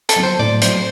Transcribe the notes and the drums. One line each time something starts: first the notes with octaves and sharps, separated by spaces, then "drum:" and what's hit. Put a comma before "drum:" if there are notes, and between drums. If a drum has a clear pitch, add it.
A4, drum: hi-hat
F#3 C4
C5
A2 D5
F#3 C4 C5, drum: hi-hat